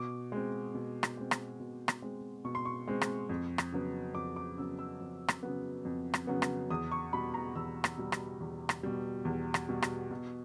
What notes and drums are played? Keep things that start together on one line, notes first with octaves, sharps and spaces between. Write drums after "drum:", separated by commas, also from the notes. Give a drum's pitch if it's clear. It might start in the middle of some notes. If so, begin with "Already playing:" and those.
Already playing: B2 D6
G#3 C4
B2
drum: rim click
G#3 C4
drum: rim click
B2
drum: rim click
G#3 C4
B2 C#6
C6
C#6
G#3 C4
drum: rim click
F2
drum: rim click
C#3 F#3 B3
F2 D6
D6
C#3 F#3 B3 E6
E6
F2
drum: rim click
C#3 F#3 B3
F2
drum: rim click
C#3 F#3 B3
drum: rim click
E2 D#6
C#6
B2 G3 B5
A#5
E2 E6
drum: rim click
B2 G3
drum: rim click
E2
drum: rim click
B2 G3
E2
drum: rim click
B2 G3
drum: rim click
B2